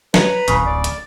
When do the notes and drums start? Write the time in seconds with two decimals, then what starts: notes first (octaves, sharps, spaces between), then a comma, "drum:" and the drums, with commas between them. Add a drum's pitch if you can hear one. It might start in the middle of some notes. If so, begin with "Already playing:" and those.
0.14 B4 C#5 A#5 B5, drum: snare
0.48 D1 A1 C#3, drum: hi-hat
0.66 D5
0.84 drum: hi-hat